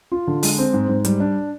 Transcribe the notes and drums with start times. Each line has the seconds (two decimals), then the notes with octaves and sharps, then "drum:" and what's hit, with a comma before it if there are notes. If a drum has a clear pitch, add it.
0.12 F4
0.27 D3
0.43 G#3, drum: open hi-hat
0.58 C4
0.73 G#2
0.89 G#2
1.05 G3, drum: hi-hat
1.20 D4